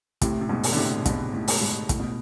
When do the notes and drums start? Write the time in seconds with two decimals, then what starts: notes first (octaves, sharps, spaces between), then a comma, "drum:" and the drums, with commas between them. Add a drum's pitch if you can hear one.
0.21 A2 C3, drum: kick, hi-hat
0.41 C3
0.49 G#2 B2
0.63 drum: open hi-hat
0.73 D3
0.77 A2 C3
1.06 G#2 B2, drum: kick, hi-hat
1.33 A2
1.48 drum: open hi-hat
1.62 G#2
1.89 A2, drum: kick, hi-hat
2.00 B2